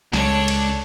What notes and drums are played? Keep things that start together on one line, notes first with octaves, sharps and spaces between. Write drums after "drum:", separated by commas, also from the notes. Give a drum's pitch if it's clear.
C#2 G#3 D4 A4 C#5, drum: snare
drum: cymbal